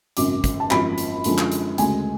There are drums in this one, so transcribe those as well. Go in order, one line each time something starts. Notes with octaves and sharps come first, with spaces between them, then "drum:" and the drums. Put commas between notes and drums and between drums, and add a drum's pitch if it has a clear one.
G#1 F#2 C#3 D6, drum: hi-hat
drum: kick, hi-hat
A5
G#1 F#2 F3 B5, drum: clap
drum: hi-hat
F#2 D3 F3 G#3, drum: hi-hat
drum: clap
drum: hi-hat
D2 C#3 G#3 G#5, drum: hi-hat